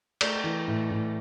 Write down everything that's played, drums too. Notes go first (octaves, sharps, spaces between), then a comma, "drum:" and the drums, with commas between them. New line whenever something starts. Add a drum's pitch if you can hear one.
A3 D5, drum: cymbal
E3
A2
A2